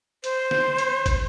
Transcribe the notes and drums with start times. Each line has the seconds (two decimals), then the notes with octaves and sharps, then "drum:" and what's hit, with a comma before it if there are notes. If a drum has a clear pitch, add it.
0.24 C5, drum: hi-hat
0.51 drum: snare
0.78 drum: hi-hat
1.06 drum: kick, hi-hat